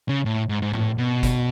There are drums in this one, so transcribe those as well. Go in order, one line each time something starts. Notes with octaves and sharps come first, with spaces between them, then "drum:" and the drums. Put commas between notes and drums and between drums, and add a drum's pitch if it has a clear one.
C#3
A2
G#2
G#2
A2, drum: tom G#2
B2
drum: kick G1, hi-hat